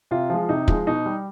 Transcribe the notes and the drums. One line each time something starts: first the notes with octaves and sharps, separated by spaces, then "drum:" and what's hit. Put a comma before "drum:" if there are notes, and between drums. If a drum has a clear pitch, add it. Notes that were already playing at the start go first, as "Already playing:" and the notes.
C3 F4
F3 G#3
C3 D#4
F3 G#3, drum: kick
B2 D#4
G3